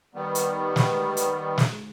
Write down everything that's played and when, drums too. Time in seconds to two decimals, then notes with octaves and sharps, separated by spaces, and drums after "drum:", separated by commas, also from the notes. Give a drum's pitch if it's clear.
0.14 D#3 G3 B3
0.35 drum: hi-hat
0.76 drum: snare
1.17 drum: hi-hat
1.58 drum: snare